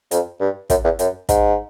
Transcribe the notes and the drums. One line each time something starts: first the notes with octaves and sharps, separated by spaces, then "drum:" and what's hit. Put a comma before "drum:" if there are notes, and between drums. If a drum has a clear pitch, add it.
F2, drum: hi-hat
G2
F#2, drum: kick, hi-hat
E2
F#2, drum: hi-hat
G#2, drum: kick, hi-hat